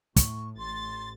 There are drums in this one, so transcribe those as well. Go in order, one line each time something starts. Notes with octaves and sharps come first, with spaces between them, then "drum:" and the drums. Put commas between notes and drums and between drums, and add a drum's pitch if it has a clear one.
A2 C#6, drum: kick, hi-hat
A1 C6 A6